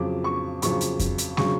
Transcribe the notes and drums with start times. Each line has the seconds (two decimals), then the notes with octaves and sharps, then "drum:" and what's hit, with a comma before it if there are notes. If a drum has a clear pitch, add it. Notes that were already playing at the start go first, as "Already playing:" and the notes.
Already playing: F2 C#3 F#3 D6
0.24 C#6
0.62 F2 C#3 F#3 C#6, drum: hi-hat
0.81 drum: hi-hat
1.00 drum: kick F2, hi-hat
1.18 drum: hi-hat
1.37 C#3 F#3 C#6, drum: snare